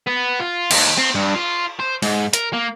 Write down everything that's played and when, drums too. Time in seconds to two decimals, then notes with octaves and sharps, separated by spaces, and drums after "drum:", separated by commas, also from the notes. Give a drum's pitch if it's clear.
0.07 B3
0.40 F4
0.71 D#2, drum: cymbal
0.98 C4
1.15 G2
1.35 F4
1.80 C5
2.02 G#2, drum: open hi-hat
2.33 A#4, drum: hi-hat
2.53 A#3